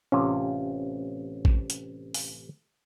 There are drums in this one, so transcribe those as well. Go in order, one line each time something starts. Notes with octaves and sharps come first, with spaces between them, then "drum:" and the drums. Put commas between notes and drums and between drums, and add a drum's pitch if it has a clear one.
A1 C3 C#4 F4
drum: kick
drum: hi-hat
drum: open hi-hat